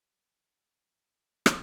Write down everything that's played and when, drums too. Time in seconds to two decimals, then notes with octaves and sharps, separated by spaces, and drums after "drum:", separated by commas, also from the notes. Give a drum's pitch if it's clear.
0.09 F#2 E3 G3 B3
1.46 drum: rim click